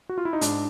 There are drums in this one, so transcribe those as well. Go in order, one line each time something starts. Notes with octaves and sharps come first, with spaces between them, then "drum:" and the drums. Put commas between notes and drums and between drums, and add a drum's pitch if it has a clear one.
F#4
F4
E4
D#4
G#2 D4, drum: hi-hat